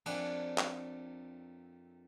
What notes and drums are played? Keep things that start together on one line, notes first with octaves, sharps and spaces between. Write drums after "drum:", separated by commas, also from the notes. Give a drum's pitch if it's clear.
F2 D4 F#5 G#5, drum: cymbal
drum: clap